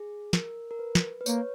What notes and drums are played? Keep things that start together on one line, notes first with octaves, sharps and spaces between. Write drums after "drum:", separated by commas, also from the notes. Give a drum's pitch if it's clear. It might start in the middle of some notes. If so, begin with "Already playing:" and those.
Already playing: G#4
A#4, drum: snare
A#4
B4
drum: snare
B4
A#3 C#5, drum: tambourine